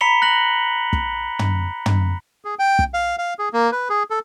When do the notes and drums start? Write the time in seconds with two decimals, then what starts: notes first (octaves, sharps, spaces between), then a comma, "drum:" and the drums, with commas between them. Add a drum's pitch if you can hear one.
0.01 A#5 B5 B6 C#7 F7 G7
0.22 F#6 A#6 F#7
0.93 drum: kick
1.39 drum: tom
1.86 drum: tom
2.45 G#4
2.59 G5
2.79 drum: kick
2.94 F5
3.18 F5
3.39 G#4
3.53 A#3
3.72 B4
3.90 G#4
4.10 A4